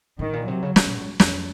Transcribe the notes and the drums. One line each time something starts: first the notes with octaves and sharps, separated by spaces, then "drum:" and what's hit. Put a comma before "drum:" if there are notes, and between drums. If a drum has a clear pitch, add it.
A2 D#3
A#2
C3 F#3
C#3
C#3, drum: snare
A#2
A2
F2, drum: snare